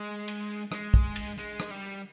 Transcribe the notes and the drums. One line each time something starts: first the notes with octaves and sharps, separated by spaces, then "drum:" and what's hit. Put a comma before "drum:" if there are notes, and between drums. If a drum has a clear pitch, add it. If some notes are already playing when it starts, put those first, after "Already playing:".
Already playing: G#3
drum: cymbal
G#3, drum: rim click
drum: kick
drum: cymbal
G#3
drum: rim click
G3